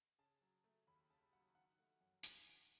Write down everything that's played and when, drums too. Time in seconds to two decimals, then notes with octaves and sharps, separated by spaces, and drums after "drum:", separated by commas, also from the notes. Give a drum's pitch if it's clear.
0.19 C#3 A5
0.41 F#3
0.64 A3
0.87 D#2 B5
1.10 C#3 A5
1.33 F#3 F#5
1.55 D#3 F#5
1.78 A3
2.01 F#2
2.23 F#2 G#5, drum: hi-hat
2.47 D#3